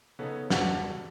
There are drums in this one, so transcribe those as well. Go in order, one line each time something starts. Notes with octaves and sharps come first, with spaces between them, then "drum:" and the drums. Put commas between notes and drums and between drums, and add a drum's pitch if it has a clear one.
C#3 B3 C#4 D#4 A4
E1 G2 F#4 B4 F#5 A6, drum: snare